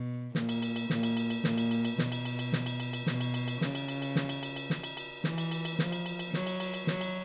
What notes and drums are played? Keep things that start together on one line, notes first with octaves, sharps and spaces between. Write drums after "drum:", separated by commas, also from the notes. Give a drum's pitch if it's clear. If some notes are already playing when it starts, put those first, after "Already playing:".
Already playing: B2
A#2, drum: snare
drum: cymbal
drum: cymbal
drum: cymbal
A#2, drum: snare
drum: cymbal
drum: cymbal
drum: cymbal
A#2, drum: snare
drum: cymbal
drum: cymbal
drum: cymbal
B2, drum: snare
drum: cymbal
drum: cymbal
drum: cymbal
drum: snare
drum: cymbal
drum: cymbal
drum: cymbal
B2, drum: snare
drum: cymbal
drum: cymbal
drum: cymbal
C#3, drum: snare
drum: cymbal
drum: cymbal
drum: cymbal
drum: snare
drum: cymbal
drum: cymbal
drum: cymbal
drum: snare
drum: cymbal
drum: cymbal
E3, drum: snare
drum: cymbal
drum: cymbal
drum: cymbal
F3, drum: snare
drum: cymbal
drum: cymbal
drum: cymbal
F#3, drum: snare
drum: cymbal
drum: cymbal
drum: cymbal
F#3, drum: snare
drum: cymbal